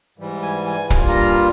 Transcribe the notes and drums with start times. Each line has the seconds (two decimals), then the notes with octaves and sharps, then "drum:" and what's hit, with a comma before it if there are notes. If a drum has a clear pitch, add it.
0.18 G#2 E3 G3
0.42 G#5
0.66 G#5
0.90 G2 G3 A#3 F4 G#5, drum: kick
1.08 A#5